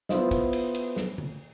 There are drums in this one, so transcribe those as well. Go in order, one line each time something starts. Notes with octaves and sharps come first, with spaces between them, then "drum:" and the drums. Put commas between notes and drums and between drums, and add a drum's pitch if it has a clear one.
B3 E4 F4 C5 D#5, drum: snare
drum: kick, cymbal
drum: cymbal
drum: cymbal
drum: snare
drum: tom